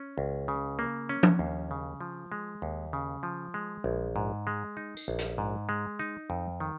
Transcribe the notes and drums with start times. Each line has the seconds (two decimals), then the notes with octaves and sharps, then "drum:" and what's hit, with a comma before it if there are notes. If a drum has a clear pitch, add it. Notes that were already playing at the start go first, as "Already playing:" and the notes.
Already playing: C#4
0.18 C#2
0.48 C#3
0.79 A#3
1.09 C#4
1.23 drum: tom F3
1.39 D#2
1.71 C#3
2.01 F3
2.32 G#3
2.62 D#2
2.93 C#3
3.23 F3
3.54 G#3
3.84 A#1
4.16 G#2
4.47 G#3
4.77 D#4
4.97 drum: tambourine
5.08 A#1
5.18 drum: hi-hat
5.38 G#2
5.69 G#3
5.99 D#4
6.30 F2
6.60 D#3